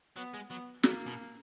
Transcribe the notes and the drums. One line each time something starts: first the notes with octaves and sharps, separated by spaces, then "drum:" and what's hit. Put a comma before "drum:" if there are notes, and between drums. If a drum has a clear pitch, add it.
F#3 B3
G#3
F#3 B3
E3 A#3, drum: snare
B2